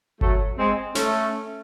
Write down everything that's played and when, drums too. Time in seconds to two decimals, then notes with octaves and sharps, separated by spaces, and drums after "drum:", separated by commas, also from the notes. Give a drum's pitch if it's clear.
0.21 F#3 A3, drum: kick G1
0.58 G#3 C4
0.95 A3 C#4, drum: snare